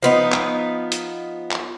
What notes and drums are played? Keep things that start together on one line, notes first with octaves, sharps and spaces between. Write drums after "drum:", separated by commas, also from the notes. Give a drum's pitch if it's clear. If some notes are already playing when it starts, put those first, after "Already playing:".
F3 B3 D#4
drum: clap
drum: hi-hat
drum: clap